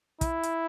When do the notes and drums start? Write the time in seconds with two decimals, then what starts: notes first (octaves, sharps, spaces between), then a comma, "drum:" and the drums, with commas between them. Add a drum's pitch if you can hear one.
0.21 E4, drum: kick, hi-hat
0.43 drum: hi-hat